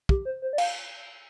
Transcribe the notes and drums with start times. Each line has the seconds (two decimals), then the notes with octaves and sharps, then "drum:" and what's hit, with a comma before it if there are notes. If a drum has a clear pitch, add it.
0.09 G4, drum: kick
0.25 C5
0.42 C5
0.53 D5
0.58 F5, drum: cymbal